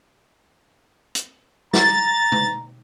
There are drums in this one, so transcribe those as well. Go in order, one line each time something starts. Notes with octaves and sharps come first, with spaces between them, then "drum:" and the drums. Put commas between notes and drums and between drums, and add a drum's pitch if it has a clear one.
drum: hi-hat
A#5 A6, drum: snare
drum: tom